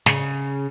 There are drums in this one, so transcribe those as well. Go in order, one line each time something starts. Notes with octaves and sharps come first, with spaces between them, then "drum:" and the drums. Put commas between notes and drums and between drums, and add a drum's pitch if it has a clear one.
C#3, drum: snare